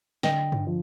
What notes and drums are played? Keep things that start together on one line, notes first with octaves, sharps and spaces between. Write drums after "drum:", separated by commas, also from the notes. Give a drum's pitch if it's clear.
D3 D#5 G5, drum: snare
drum: tom G2
F3